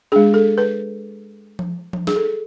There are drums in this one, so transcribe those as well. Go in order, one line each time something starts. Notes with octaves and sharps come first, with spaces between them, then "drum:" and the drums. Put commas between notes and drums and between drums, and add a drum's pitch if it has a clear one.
G#3 D4 G#4
A4
B4
drum: tom F3
drum: tom F3
G#4, drum: snare
A4